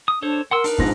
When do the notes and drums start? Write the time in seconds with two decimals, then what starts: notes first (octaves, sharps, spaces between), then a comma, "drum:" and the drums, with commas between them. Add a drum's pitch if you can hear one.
0.08 D#6
0.22 D4 A4 C5 C#5
0.51 A#4 F#5 C6 E6
0.64 D4 D#4 B4, drum: open hi-hat
0.78 A#1 G#2 A#6, drum: kick